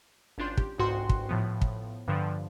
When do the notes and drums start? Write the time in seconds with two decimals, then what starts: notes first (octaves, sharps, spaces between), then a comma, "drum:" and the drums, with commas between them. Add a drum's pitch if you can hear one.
0.38 G#1 C#4 D4 F4 C6 G6
0.57 G4, drum: kick
0.78 G1 C2 G#2 F#4 G5 C6
1.09 drum: kick
1.29 A2 F3 B3
1.61 drum: kick
2.08 G2 D3 F3